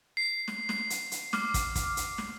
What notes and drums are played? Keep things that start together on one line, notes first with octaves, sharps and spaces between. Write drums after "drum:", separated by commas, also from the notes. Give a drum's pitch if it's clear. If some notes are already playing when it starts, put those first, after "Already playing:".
C7
drum: snare
drum: snare
drum: hi-hat
drum: hi-hat
D6 F6, drum: snare
drum: kick, hi-hat
drum: kick, hi-hat
drum: hi-hat
drum: snare